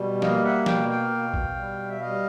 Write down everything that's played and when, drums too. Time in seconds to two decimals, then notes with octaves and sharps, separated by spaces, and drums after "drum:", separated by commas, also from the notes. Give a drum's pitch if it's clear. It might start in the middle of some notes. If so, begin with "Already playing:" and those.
Already playing: B2 G3
0.22 A#3 D#5 F5, drum: snare
0.44 E5 F#5
0.66 B2 F5 G5, drum: snare
0.89 F5 G5
1.11 B2
1.34 drum: kick A#1
1.56 G3
1.89 E5
2.01 G3 D#5 F5